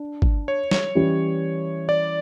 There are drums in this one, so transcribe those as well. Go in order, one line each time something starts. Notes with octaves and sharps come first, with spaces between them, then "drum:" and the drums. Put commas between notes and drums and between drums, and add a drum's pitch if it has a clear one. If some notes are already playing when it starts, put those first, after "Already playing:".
Already playing: D4
drum: kick
C#5
C#5, drum: snare
E3 G3 C#4 E4 G4
D5